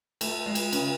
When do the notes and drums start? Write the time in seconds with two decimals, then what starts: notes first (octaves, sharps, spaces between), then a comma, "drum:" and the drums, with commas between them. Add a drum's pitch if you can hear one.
0.21 A3, drum: cymbal
0.46 G#3
0.55 drum: cymbal
0.73 C#3, drum: cymbal